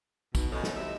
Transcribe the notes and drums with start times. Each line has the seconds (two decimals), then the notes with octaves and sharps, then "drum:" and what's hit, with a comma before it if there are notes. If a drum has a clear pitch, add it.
0.35 B2 D#4, drum: kick, tambourine
0.52 F#2 A2 D#5
0.64 drum: snare
0.76 C3 D#4 E4 E5